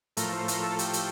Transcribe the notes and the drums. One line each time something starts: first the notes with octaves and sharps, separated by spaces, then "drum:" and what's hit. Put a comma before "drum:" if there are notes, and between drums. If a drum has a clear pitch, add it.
A2 F3 A3 A#4, drum: hi-hat
C5
A#4, drum: hi-hat
A4
G4, drum: hi-hat
drum: hi-hat